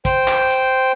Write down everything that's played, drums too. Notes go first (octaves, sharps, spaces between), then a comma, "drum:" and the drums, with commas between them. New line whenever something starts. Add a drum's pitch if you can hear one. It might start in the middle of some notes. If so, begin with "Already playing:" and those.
C5 G5, drum: kick, hi-hat
drum: clap
drum: hi-hat